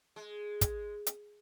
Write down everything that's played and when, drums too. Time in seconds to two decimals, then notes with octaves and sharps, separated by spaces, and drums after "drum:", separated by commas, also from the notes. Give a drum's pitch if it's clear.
0.16 G#3
0.61 drum: kick, hi-hat
1.07 drum: hi-hat